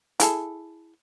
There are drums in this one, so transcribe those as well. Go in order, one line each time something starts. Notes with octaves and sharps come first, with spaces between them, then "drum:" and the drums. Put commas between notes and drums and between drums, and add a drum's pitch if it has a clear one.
E4 G#4 A4, drum: hi-hat